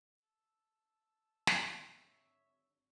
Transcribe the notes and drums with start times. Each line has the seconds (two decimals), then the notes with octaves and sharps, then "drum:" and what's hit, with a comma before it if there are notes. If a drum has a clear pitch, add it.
0.20 A5 E6
1.47 drum: snare
1.66 G#1 D3 F#3 C#5 E5